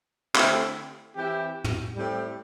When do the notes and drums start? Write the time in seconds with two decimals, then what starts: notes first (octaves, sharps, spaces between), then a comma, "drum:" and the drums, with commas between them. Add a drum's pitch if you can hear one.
0.36 D3 A3 C4 E4 G4, drum: clap
1.16 E3 C4 E4 G4
1.64 drum: tom
1.96 A2 G3 C4 G4